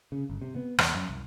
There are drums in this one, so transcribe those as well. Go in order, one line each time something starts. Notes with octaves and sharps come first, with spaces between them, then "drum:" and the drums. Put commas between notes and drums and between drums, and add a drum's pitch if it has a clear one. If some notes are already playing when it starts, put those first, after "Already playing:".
C#3
G1
C3
B3
E2, drum: rim click
F#2
C2